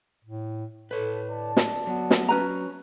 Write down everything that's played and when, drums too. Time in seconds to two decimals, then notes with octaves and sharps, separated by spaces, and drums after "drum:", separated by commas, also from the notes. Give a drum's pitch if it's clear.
0.24 A2
0.91 A2 A4 B4 C#5
1.30 D3 D5 A5
1.57 drum: snare
1.87 F#3 B3
2.11 drum: snare
2.29 C#4 B4 A#5